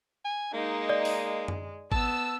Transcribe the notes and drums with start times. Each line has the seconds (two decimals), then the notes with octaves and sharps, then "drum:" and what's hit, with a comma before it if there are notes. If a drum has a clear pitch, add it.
0.25 G#5
0.53 G#3 A#3 D#4
0.89 D5
1.05 drum: open hi-hat
1.48 drum: tom F#2
1.92 B3 A5 E6, drum: kick G#1